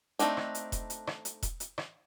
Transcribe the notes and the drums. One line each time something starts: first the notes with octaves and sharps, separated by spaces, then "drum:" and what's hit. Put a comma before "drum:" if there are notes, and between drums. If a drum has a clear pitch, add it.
A3 C4 D4 D#4, drum: hi-hat
drum: rim click
drum: hi-hat
drum: kick E1, hi-hat
drum: hi-hat
drum: rim click
drum: hi-hat
drum: kick E1, hi-hat
drum: hi-hat
drum: rim click